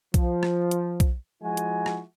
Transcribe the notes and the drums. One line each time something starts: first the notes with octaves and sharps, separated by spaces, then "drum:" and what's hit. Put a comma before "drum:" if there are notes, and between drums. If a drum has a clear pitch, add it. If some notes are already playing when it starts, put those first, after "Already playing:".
F3, drum: kick B1, hi-hat
drum: rim click
drum: hi-hat
drum: kick B1, hi-hat
F3 G#3 E4 F#4 G#5
drum: hi-hat
drum: rim click